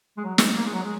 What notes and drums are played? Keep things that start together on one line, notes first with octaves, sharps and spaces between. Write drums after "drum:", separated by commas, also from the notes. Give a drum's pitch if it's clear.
G#3
F#3
drum: snare
A#3
G#3
F#3
G#3